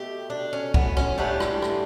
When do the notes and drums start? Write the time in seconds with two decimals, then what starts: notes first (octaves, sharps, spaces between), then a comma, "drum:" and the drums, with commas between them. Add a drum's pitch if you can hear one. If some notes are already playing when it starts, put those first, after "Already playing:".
Already playing: B2 A3 G4
0.30 D4
0.53 C#4
0.74 B3, drum: kick
0.97 C#4, drum: rim click
1.18 A2 G3 B3 D4
1.40 drum: rim click
1.62 drum: rim click